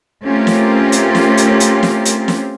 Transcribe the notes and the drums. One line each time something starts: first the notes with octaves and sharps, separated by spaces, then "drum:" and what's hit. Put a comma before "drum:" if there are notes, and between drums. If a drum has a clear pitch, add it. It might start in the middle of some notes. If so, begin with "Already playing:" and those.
A3 C4 C#4 F4 G4 A#4
drum: snare
drum: hi-hat
drum: snare
drum: hi-hat
drum: hi-hat
drum: snare
drum: hi-hat
drum: snare